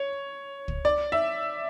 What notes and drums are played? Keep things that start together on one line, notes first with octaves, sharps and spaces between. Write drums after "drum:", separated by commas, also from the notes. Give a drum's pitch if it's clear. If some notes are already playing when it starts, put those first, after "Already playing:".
Already playing: C#5
drum: kick
D5
E5